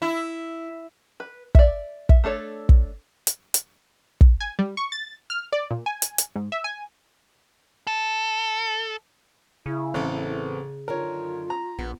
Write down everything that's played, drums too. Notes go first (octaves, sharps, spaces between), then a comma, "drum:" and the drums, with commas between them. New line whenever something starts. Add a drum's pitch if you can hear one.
E4
B4
D5 E5, drum: kick
E5, drum: kick
A3 D4 A4 C#5
drum: kick
drum: hi-hat
drum: hi-hat
drum: kick
G#5
G3
C#6
A6
F6
D5
A#2
G#5
drum: hi-hat
drum: hi-hat
G#2
E5
G#5
A4
C#3 E4
A1 B3 C4 A4
F#2 D3 D#3 F4 A#4 C#5
A#5
A#1 B3